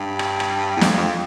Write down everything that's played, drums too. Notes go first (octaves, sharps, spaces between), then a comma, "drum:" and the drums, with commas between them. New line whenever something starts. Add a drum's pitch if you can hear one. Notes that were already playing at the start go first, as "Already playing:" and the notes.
Already playing: G2
drum: rim click
drum: rim click
E2
F2, drum: snare
F2